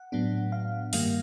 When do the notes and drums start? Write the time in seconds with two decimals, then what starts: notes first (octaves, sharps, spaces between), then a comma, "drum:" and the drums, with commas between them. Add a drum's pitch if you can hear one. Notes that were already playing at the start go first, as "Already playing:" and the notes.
Already playing: F#5
0.12 A2 F#3 B3 D4
0.52 F5
0.93 G2 D#3 G3 A#3 F5, drum: open hi-hat